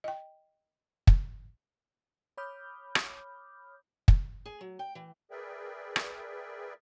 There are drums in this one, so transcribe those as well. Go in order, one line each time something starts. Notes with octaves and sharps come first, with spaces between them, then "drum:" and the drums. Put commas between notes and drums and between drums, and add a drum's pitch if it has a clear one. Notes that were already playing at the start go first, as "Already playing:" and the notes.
D#5 G5
drum: kick
C#5 B5 D6 D#6 F6 G6
drum: rim click
drum: kick
G#4
F#3
G5
E3
G#4 A#4 B4 D5 E5 G5
drum: rim click